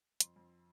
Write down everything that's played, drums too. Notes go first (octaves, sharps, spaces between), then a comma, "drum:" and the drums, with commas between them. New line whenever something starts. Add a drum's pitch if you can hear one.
F2 C6, drum: hi-hat
F2